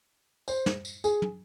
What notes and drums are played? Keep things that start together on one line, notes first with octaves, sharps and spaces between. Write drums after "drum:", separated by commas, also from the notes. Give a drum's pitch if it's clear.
C5, drum: tambourine
drum: snare
drum: tambourine
G#4, drum: tambourine
drum: tom